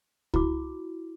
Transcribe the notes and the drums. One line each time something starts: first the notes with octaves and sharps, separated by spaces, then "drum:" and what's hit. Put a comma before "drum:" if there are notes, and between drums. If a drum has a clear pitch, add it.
E4 F#4 D6, drum: kick C#2